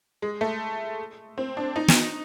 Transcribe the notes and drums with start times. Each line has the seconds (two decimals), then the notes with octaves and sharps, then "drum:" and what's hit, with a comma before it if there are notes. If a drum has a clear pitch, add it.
0.22 G#3
0.41 A3
1.38 C4
1.57 D4
1.76 D#4
1.88 drum: snare